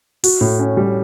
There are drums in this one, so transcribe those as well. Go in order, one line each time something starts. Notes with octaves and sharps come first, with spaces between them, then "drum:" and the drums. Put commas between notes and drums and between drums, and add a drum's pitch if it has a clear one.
F#4, drum: open hi-hat
A2
C#4
G3